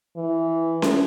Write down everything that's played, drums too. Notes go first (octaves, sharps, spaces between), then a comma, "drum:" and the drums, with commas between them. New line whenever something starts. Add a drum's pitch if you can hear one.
E3
drum: snare C#4